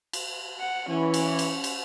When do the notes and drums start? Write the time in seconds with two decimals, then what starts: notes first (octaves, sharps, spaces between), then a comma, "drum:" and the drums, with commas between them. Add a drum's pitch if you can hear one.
0.13 drum: cymbal
0.59 F#5
0.89 E3 C#4
1.14 drum: cymbal
1.39 drum: cymbal
1.64 drum: cymbal